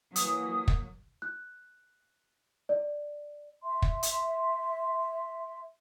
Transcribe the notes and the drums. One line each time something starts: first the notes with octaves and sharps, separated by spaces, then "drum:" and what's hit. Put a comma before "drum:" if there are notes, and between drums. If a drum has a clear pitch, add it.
E3 F#3 A#3 D#6, drum: hi-hat
drum: kick
F#6
D5
E5 C6
drum: kick
drum: hi-hat